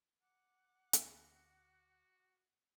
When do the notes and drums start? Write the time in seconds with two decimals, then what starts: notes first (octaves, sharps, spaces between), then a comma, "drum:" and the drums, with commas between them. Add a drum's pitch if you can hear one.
0.21 F#5 D6 F#6
0.93 D2 F#4, drum: hi-hat